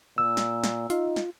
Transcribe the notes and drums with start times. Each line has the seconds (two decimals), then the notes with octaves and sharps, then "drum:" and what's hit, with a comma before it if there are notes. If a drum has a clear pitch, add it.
0.18 A#2 E6
0.37 drum: snare
0.64 drum: snare
0.90 D#4 F4, drum: hi-hat
1.16 drum: snare